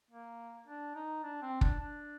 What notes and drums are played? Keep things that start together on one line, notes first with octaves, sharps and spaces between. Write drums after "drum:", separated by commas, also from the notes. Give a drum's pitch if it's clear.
A#3
D4
D#4
D4
C4
D4, drum: kick
D4